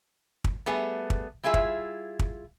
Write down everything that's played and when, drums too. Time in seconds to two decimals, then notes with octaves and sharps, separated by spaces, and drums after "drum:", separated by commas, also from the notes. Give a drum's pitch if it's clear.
0.44 drum: kick
0.66 G3 A3 B3 G#4
1.10 drum: kick
1.43 G3 E4 F4 G#4 E5
1.54 drum: kick
2.19 drum: kick